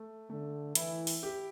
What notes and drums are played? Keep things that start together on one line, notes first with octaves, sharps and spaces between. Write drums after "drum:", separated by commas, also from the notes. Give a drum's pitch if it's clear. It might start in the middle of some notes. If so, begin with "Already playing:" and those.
Already playing: A3
D3 A3
E3 E4, drum: hi-hat
drum: open hi-hat
G4